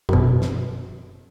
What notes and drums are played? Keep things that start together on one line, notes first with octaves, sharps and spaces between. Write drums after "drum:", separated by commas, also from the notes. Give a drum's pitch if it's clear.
F#2 B2, drum: kick
drum: snare